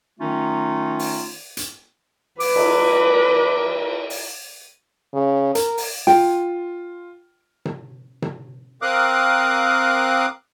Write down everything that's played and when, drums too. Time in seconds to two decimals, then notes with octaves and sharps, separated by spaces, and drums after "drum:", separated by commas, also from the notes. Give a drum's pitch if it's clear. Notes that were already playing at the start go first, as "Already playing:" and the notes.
0.20 D#3 F#3 A3 C#4 D#4 F4
0.99 drum: open hi-hat
1.57 drum: hi-hat
2.40 B4 D6, drum: open hi-hat
2.56 drum: cymbal
4.10 drum: open hi-hat
5.14 C#3
5.55 A#4, drum: hi-hat
5.78 drum: open hi-hat
6.07 F4 G5, drum: snare
7.65 drum: tom C3
8.22 drum: tom C3
8.82 C4 A#4 F5 D6 D#6 F#6